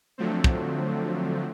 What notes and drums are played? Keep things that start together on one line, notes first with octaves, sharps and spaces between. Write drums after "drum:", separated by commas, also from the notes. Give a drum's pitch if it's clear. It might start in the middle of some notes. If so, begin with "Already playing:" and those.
D3 F3 F#3 A3 C4
drum: kick